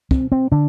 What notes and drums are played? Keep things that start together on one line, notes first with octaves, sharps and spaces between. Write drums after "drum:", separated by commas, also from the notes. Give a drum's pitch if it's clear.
C4, drum: kick
C4
D3 D4